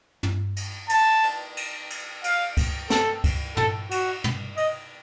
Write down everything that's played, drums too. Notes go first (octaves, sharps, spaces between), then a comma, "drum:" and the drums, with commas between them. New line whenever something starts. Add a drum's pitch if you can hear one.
drum: tom
drum: cymbal
A5, drum: cymbal
drum: cymbal
drum: cymbal
drum: cymbal
F5, drum: cymbal
drum: kick C#2, cymbal
A4, drum: snare
drum: kick C#2, cymbal
A4, drum: tom
F#4, drum: cymbal
drum: tom
D#5, drum: cymbal